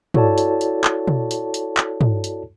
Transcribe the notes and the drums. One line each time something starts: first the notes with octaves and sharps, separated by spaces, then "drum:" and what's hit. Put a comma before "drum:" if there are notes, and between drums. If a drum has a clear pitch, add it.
E4 F#4 A4 C#5 D5 A5, drum: tom
drum: hi-hat
drum: hi-hat
drum: clap
drum: tom
drum: hi-hat
drum: hi-hat
drum: clap
drum: tom
drum: hi-hat